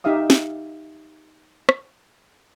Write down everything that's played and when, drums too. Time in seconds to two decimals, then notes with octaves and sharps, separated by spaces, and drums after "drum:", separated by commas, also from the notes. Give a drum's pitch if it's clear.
0.04 D#4 G4 E5 F5 D#6
0.30 drum: snare
1.69 drum: rim click